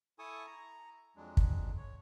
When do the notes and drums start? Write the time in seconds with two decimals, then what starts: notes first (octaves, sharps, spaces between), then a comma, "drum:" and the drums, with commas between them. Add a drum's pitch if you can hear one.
0.19 E4 A4 G#5 A5 C#6 D#6
0.47 A#5
1.16 F2 F#3 G#3 D4
1.37 drum: kick
1.77 C#5